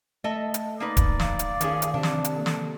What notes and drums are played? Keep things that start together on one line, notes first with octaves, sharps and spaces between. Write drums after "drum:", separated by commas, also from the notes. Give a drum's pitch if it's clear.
A3 A4 D#5 E5
drum: hi-hat
A#3 D#4 B4 D5
drum: kick D1, hi-hat
F5, drum: snare
drum: hi-hat
D#3 F3 C#4 G#4, drum: hi-hat
drum: hi-hat
C3 E3 D4
drum: snare
drum: hi-hat
A#3 A4
drum: snare